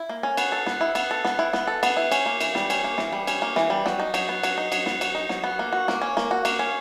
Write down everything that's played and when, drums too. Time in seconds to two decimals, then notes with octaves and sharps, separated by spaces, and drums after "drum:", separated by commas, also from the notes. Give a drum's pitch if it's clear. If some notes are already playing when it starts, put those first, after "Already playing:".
Already playing: E4
0.09 A#3
0.23 C#4
0.37 B3, drum: cymbal
0.52 A4
0.66 B3, drum: snare
0.81 E4
0.95 B3, drum: cymbal
1.11 A4
1.24 B3, drum: snare
1.39 E4
1.53 B3, drum: snare
1.67 A4
1.83 B3, drum: cymbal
1.97 E4
2.12 C#4, drum: cymbal
2.26 A#3
2.41 E3, drum: cymbal
2.55 G3, drum: snare
2.70 C#4, drum: cymbal
2.84 A#3
2.98 E3, drum: snare
3.13 G3
3.27 C#4, drum: cymbal
3.42 A#3
3.56 E3, drum: snare
3.70 G3
3.86 F#3, drum: snare
3.99 D#4
4.14 F#3, drum: cymbal
4.29 B3
4.43 F#3, drum: cymbal
4.58 D#4
4.72 F#3, drum: cymbal
4.86 B3, drum: snare
5.01 F#3, drum: cymbal
5.15 D#4
5.29 F#3, drum: snare
5.44 B3
5.59 A#3
5.72 F#4
5.88 A#3, drum: snare
6.02 C#4
6.17 A#3, drum: snare
6.31 F#4
6.45 A#3, drum: cymbal
6.59 C#4